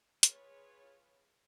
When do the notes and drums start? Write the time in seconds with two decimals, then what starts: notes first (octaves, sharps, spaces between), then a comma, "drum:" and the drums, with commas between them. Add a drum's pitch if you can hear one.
0.23 F4 G#4 B4 C#5, drum: hi-hat